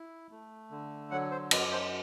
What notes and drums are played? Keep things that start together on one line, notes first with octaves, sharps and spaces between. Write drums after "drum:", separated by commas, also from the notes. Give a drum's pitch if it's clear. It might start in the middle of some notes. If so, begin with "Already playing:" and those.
Already playing: E4
A3
D3
F#3 F#5
C5
F#2 B4, drum: cymbal
C5